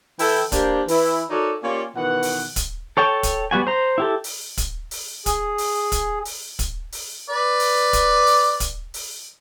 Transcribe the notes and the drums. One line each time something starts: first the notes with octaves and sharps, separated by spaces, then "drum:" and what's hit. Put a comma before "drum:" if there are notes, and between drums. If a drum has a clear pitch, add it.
E3 E4 A4 G5, drum: open hi-hat
A#3 D4 G4 A#4 C5, drum: kick, hi-hat
E3 E4, drum: open hi-hat
D#4 F#4 A4 A#4 C#5 D5
A#3 C#4 F4 G4 C#5 D5
B2 D#3 E3 F#5
drum: open hi-hat
drum: kick, hi-hat
A4 C#5 G5 A5
drum: kick, hi-hat
G3 B3 F#4 G#5
C5 A#5
E4 G4 A4
drum: open hi-hat
drum: kick, hi-hat
drum: open hi-hat
G#4, drum: kick, hi-hat
drum: open hi-hat
drum: kick, hi-hat
drum: open hi-hat
drum: kick, hi-hat
drum: open hi-hat
B4 D5
drum: open hi-hat
drum: kick, hi-hat
drum: open hi-hat
drum: kick, hi-hat
drum: open hi-hat